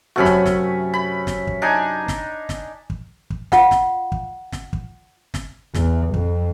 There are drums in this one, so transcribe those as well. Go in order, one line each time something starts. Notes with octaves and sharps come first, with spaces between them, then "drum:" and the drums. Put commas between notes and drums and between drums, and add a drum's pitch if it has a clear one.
F#2 C3 A3 C#4 F#4 B5
drum: snare
drum: snare
B5
drum: snare
drum: kick
D4 D#4 G#5
drum: snare
drum: snare
drum: kick
drum: kick
F4 F5 F#5, drum: snare
drum: snare
drum: kick
drum: snare
drum: kick
drum: snare
E2, drum: snare
F2, drum: kick